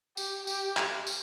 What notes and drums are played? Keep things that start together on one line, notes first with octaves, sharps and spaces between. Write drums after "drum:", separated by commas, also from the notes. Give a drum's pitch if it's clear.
G4, drum: tambourine
G4, drum: tambourine
drum: clap
drum: tambourine